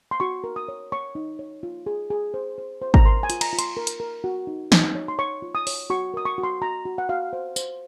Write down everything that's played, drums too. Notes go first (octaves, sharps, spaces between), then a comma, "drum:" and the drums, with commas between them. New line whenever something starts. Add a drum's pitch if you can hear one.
C6
F#4 C#6
A#4
D#6
C#5
C#5 C#6
D#4
C#5
F4
G#4
G#4
C5
C5
C5
A#5, drum: kick G#1
A#4 C6
G#5
F4, drum: hi-hat
A#5, drum: cymbal
F4
C6, drum: hi-hat
A#4
drum: hi-hat
A#4
F#4
D#4
D#4, drum: snare
C#5
C6
C#5 C#6
F4
D#6
C#5, drum: open hi-hat
F#4 C#6
A#4 D#6
C#6
F#4
C6
F#4 A#5
F#4
F#5
F#4 F5
C5
C5, drum: tambourine